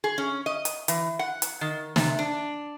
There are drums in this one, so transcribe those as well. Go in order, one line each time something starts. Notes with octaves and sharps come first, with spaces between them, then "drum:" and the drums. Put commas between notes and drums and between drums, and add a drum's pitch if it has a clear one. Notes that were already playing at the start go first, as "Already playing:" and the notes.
G#4
C#4
D#5
drum: hi-hat
E3, drum: hi-hat
F#5
drum: hi-hat
D#3
C3, drum: snare
D4